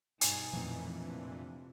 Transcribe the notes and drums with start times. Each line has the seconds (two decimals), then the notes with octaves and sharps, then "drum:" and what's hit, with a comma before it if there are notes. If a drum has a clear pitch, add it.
0.21 G2 B2 D#4 G#5 G#6 A6, drum: hi-hat
0.53 F2 A#2 E3 F3 A3 C4
1.00 C3 D4